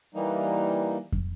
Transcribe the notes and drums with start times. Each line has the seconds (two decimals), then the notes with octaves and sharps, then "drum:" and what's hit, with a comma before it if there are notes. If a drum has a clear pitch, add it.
0.14 E3 G3 A#3 D#4
1.13 drum: kick F2